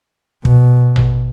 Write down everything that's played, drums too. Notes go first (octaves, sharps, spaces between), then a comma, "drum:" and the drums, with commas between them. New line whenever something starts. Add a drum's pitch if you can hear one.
B2, drum: kick
drum: tom A1